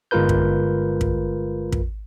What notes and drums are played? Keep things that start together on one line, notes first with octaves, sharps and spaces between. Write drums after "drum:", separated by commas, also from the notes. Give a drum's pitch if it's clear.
G1 G#3 F4 A#4 B4 G6
drum: kick
drum: kick
drum: kick